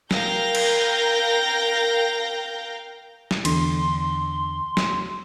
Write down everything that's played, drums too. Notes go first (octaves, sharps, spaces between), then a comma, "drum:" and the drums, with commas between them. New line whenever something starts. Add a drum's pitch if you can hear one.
A#4 F5 G5 G6 A#6, drum: snare
drum: cymbal
drum: snare
E2 D3 C6, drum: cymbal
drum: snare